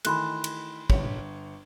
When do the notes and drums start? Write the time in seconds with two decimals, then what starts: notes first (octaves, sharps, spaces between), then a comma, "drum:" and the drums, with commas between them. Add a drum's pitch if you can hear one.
0.05 D#3 E3 A3 B5 C6 F#6, drum: cymbal
0.44 drum: cymbal
0.90 G1 C#5, drum: kick